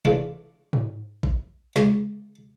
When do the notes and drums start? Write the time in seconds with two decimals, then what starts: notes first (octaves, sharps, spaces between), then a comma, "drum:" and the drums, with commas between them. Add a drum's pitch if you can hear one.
0.05 C#3 E3 A3 D4 F4
0.73 drum: tom G#2
1.23 drum: kick A1
1.76 C#2, drum: snare